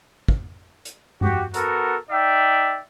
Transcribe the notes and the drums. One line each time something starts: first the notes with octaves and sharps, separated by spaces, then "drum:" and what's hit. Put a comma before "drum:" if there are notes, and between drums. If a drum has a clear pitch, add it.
drum: kick
drum: hi-hat
F#4 G4, drum: tom G2
B3 F#4 A4 A#4, drum: hi-hat
D#4 D5 E5 G5